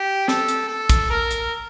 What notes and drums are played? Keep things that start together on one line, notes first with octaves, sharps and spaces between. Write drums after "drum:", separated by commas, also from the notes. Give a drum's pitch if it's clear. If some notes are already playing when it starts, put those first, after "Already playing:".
Already playing: G4
A4, drum: snare
drum: hi-hat
A4
drum: kick, hi-hat
A#4
drum: hi-hat